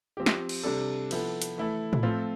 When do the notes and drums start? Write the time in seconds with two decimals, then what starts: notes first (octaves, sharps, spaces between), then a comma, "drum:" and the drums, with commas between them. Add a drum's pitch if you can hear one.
0.17 F3 C4 G4
0.26 drum: snare
0.49 drum: cymbal
0.63 C3 G3 D4 A4
1.11 F3 B3 E4 A4, drum: cymbal
1.42 drum: hi-hat
1.57 E3 A3 E4 A4
1.93 drum: tom A2
2.03 F3 A3 C4 F4 A4